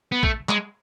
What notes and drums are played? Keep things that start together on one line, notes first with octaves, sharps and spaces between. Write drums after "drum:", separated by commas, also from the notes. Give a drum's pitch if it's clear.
B3
A3, drum: kick A#1
G#3, drum: clap